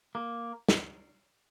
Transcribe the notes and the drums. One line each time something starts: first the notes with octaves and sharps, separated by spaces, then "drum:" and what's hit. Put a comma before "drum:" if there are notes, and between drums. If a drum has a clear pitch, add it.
A#3
drum: snare